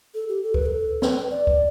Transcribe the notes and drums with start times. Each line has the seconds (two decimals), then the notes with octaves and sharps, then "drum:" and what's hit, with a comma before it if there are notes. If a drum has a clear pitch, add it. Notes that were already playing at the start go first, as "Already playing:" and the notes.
0.14 A4
0.29 G4
0.43 A4
0.54 B4, drum: kick C#2
0.66 A4
1.02 B4, drum: snare C4
1.31 D5
1.47 drum: kick C#2